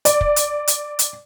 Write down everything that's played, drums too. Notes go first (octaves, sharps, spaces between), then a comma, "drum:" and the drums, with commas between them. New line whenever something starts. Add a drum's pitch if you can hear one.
D5, drum: hi-hat
drum: kick
drum: hi-hat
drum: hi-hat
drum: hi-hat